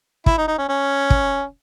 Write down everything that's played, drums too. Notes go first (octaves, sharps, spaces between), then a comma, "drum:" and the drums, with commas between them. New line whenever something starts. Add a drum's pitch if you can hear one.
E4, drum: kick
D#4
D#4
C#4
C#4
drum: kick